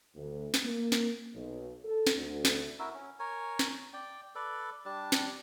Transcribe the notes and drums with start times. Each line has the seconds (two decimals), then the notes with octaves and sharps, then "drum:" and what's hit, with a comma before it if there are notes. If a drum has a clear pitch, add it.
0.16 D2
0.54 drum: snare
0.65 A#3
0.92 drum: snare
1.35 B1
1.85 A4
2.07 drum: snare
2.17 D2
2.45 drum: snare
2.79 E4 F#4 A#4 E5
2.95 C#4
3.20 A#4 C#5 G#5
3.59 drum: snare
3.94 D5 G5
4.35 A4 B4 D5
4.85 G3 D4 A5
5.12 drum: snare